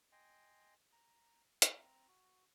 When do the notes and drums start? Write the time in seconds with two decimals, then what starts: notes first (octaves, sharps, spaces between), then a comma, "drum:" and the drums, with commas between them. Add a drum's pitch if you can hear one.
0.12 D#5 G5 G#5 C6
0.92 A#5
1.62 C4 A#5, drum: hi-hat
2.08 F#4